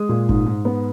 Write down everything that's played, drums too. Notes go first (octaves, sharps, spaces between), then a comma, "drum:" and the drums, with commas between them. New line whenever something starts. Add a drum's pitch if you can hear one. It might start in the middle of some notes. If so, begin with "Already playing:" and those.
Already playing: G#3 D#6
A#2
G#2, drum: kick G1
G#2
B3